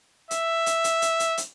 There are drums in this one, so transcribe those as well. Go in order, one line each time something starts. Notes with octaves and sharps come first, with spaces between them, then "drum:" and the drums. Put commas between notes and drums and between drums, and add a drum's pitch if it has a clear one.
E5, drum: hi-hat
drum: hi-hat
drum: hi-hat
drum: hi-hat
drum: hi-hat
drum: hi-hat